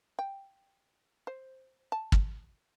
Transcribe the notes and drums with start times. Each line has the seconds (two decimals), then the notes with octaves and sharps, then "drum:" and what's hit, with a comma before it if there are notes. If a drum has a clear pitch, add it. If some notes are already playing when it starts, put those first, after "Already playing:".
0.19 G5
1.27 C5
1.92 A5
2.12 drum: kick